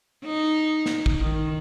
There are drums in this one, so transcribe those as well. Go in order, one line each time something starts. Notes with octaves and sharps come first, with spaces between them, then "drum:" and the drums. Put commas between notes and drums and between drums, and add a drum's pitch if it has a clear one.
D#4
drum: snare
drum: kick
D#3